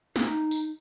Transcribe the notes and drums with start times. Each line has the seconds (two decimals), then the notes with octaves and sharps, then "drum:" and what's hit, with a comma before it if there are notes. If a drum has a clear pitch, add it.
0.16 D#4, drum: snare
0.51 drum: tambourine